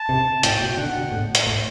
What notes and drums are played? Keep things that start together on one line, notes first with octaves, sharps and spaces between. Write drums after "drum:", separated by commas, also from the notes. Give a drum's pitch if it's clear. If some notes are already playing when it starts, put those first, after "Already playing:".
Already playing: A5
C3
A2 G5, drum: hi-hat
B2
D3 F#5
B2
A2
drum: hi-hat
A2